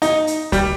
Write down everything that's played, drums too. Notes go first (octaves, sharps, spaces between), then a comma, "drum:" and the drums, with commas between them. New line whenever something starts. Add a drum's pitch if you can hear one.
D#4, drum: hi-hat
drum: hi-hat
G3, drum: kick C#2, hi-hat